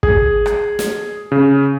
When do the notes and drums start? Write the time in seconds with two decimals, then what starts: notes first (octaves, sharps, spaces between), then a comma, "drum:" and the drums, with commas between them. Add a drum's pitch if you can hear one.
0.03 G#4, drum: kick
0.46 drum: rim click
0.79 drum: snare
1.32 C#3